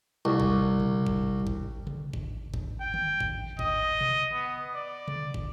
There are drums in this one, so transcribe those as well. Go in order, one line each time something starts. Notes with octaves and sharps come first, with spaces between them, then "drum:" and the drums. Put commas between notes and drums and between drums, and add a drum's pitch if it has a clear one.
C2
drum: kick
drum: tom C3
drum: kick
drum: kick
drum: tom C3
drum: kick
drum: kick
G5
drum: tom
drum: kick
D#5, drum: kick
drum: tom B2
B3
D5
drum: tom C3
drum: kick